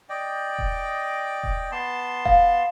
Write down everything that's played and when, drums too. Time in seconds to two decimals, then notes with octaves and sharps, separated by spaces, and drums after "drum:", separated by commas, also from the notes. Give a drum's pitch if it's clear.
0.09 D5 D#5 G5
0.59 drum: kick E1
1.43 drum: kick E1
1.72 B3 A5 C6
2.26 F5, drum: kick E1